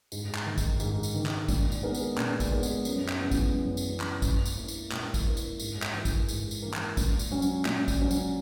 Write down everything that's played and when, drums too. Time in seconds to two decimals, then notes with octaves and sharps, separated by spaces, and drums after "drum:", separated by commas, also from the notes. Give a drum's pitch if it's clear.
0.12 G#2, drum: tambourine
0.35 drum: clap
0.46 D#3 A#3 D#4
0.58 drum: kick, tambourine
0.80 G#2, drum: tambourine
1.03 drum: tambourine
1.14 D#3 A#3 D#4
1.26 drum: clap
1.48 A#2, drum: kick, tambourine
1.72 drum: tambourine
1.83 G#3 B3 D#4 A#4
1.95 drum: tambourine
2.18 A#2, drum: clap
2.40 drum: kick, tambourine
2.51 G#3 B3 D#4 A#4
2.63 drum: tambourine
2.85 F#2, drum: tambourine
3.09 drum: clap
3.20 C#3 E3 B3
3.31 drum: kick, tambourine
3.54 F#2
3.77 drum: tambourine
3.89 C#3 E3 B3
4.00 drum: clap
4.22 A#2, drum: kick, tambourine
4.46 drum: tambourine
4.57 A#3 E4 A#4
4.68 drum: tambourine
4.92 A#2, drum: clap
5.14 drum: kick, tambourine
5.25 A#3 E4 A#4
5.37 drum: tambourine
5.59 G#2, drum: tambourine
5.82 drum: clap
5.94 E3 A#3
6.05 drum: kick, tambourine
6.29 G#2, drum: tambourine
6.51 drum: tambourine
6.62 E3 A#3
6.74 drum: clap
6.97 A#2, drum: kick, tambourine
7.19 drum: tambourine
7.31 F#3 C#4
7.42 drum: tambourine
7.65 A#2, drum: clap
7.88 drum: kick, tambourine
7.99 F#3 C#4
8.11 drum: tambourine